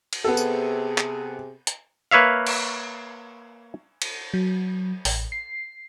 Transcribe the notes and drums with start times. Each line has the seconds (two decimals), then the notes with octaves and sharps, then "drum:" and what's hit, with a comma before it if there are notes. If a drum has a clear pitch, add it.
0.13 drum: cymbal
0.24 C3 B3 G#4 A4
0.37 drum: tambourine
0.98 drum: clap
1.67 drum: hi-hat
2.11 A#3 B4 C#5 E5 F5
2.47 drum: cymbal
4.02 drum: cymbal
4.34 F#3
5.05 A1, drum: open hi-hat
5.32 C7